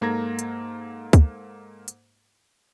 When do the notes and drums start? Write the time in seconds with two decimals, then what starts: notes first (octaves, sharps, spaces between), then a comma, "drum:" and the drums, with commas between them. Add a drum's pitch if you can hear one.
0.01 G#2 A#3 A4 A#5 G#6 A#6
0.39 drum: hi-hat
1.13 drum: kick, hi-hat
1.88 drum: hi-hat